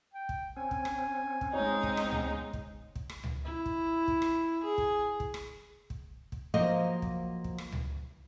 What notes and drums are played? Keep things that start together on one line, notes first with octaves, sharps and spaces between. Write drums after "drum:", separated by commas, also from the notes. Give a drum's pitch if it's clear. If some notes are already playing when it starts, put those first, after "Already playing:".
G5
drum: kick
C4 C#4 G#5
drum: kick
drum: rim click
drum: kick
G#3 D#4 C#5
drum: kick
B3, drum: rim click
drum: tom C#2
drum: kick
drum: kick
drum: rim click
drum: tom C#2
E4
drum: kick
drum: kick
drum: rim click
G#4
drum: kick
drum: kick
drum: rim click
drum: kick
drum: kick
F3 F#3 A#3 C5 D#5 F5
drum: kick
drum: kick
drum: rim click
drum: tom C#2